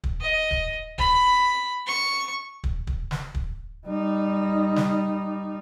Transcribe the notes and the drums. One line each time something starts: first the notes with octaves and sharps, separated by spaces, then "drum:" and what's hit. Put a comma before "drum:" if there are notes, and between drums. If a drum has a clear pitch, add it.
drum: kick
D#5
drum: kick
B5, drum: kick
C#6
drum: kick
drum: kick
drum: snare
drum: kick
G3 D#4
drum: snare